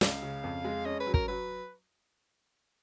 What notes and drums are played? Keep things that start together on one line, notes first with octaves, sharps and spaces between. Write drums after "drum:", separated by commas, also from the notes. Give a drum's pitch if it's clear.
C#2 F5, drum: snare
C#3
F2
G#3
C#4 D#5
B4
F#3
A#4, drum: kick
F#3 B4